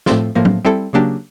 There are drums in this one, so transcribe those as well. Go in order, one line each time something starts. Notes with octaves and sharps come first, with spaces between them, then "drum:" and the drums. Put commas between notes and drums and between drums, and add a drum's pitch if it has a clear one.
A2 F3 A3 C4 F4, drum: snare
A2 F3 A#3
drum: tom F#3
G3 C4 E4 A4
C#3 F#3 A#3 D4 G4